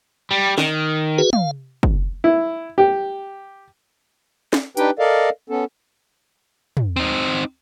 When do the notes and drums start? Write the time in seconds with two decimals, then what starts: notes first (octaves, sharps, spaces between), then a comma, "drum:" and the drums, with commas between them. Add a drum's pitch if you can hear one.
0.31 G3
0.58 D#3, drum: snare
1.18 F#4 G#4 B4
1.33 F5, drum: tom
1.83 drum: kick
2.24 E4
2.78 G4
4.53 drum: snare
4.77 D4 D#4 G4 B4 G5, drum: hi-hat
4.99 A4 A#4 D5 D#5 F5
5.50 B3 C#4 A4
6.77 drum: tom
6.96 C4 D#4